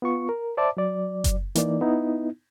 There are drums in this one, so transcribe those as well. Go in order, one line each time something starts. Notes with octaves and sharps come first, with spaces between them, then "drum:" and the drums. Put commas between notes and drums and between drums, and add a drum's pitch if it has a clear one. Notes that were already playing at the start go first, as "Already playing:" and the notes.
B3 F4 C#6
A#4
C5 D5 E5 A5 D6
F#3 D5
drum: kick F#1, hi-hat
E3 A#3 D#4 D5, drum: hi-hat
B3 D#4 E4